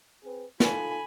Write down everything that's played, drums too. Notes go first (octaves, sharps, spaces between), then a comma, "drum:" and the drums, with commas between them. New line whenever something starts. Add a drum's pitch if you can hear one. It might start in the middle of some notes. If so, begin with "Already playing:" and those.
C4 G#4 B4
D#4 F4 A4 G#5 B5, drum: snare